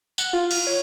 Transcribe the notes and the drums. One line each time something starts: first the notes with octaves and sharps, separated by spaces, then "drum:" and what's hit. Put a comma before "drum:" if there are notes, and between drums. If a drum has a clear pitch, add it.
F#5, drum: tambourine
F4
drum: cymbal
C#5